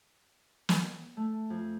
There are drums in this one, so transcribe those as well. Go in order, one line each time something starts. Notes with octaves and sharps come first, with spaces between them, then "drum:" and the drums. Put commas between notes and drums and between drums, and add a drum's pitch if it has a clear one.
drum: snare
A3
F2